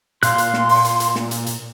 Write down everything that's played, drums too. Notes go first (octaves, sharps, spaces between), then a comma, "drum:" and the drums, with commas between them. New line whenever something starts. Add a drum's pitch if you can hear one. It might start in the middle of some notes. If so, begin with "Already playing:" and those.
A#2 F5 C6 F#6, drum: hi-hat
drum: hi-hat
drum: snare
drum: open hi-hat
drum: hi-hat
drum: hi-hat
drum: snare
drum: hi-hat
drum: hi-hat